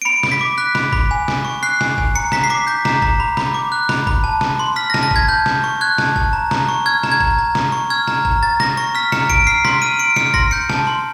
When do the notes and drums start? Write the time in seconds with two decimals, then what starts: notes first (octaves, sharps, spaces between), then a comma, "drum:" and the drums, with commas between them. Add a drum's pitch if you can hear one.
0.02 D7
0.05 B5 C#7
0.23 B5, drum: snare
0.32 B6
0.41 D6
0.58 F#6 B6
0.75 B5, drum: snare
0.93 B5, drum: kick G1
1.11 G#5
1.28 G#5, drum: snare
1.45 C#6
1.63 F#6 C7
1.81 G#5, drum: snare
1.98 G#5, drum: kick G1
2.15 A#5 C#7
2.32 A#5 B6, drum: snare
2.44 C7
2.50 D6 B6
2.67 G6 B6
2.85 A#5, drum: snare
3.02 A#5, drum: kick G1
3.20 B5
3.37 B5, drum: snare
3.54 D6
3.72 F#6
3.89 B5, drum: snare
4.07 B5, drum: kick G1
4.24 A5
4.41 A5, drum: snare
4.59 C6
4.76 F6 B6
4.90 A#6
4.94 A5, drum: snare
5.03 A#6
5.11 A5 G#6, drum: kick G1
5.28 A5 G6
5.46 A5, drum: snare
5.64 C#6
5.81 F#6 G#6
5.98 A5, drum: snare
6.16 A5, drum: kick G1
6.33 A#5
6.51 A#5, drum: snare
6.69 C#6
6.86 F6 G#6
7.03 A#5, drum: snare
7.12 G#6
7.20 A#5, drum: kick G1
7.39 A#5
7.55 A#5, drum: snare
7.72 C#6
7.90 F6 G#6
8.08 A#5, drum: snare
8.25 A#5, drum: kick G1
8.43 A#5 A6
8.60 A#5 A#6, drum: snare
8.77 C#6 A#6
8.95 F6 B6
9.12 A#5 C#7, drum: snare
9.29 A#5 D7, drum: kick G1
9.47 F6 C7
9.65 C6 B6, drum: snare
9.82 F6 D#7
9.99 C6 D7
10.16 F6 C#7, drum: snare
10.34 C6 A#6, drum: kick G1
10.51 G6 C#7
10.69 A5, drum: snare
10.87 C6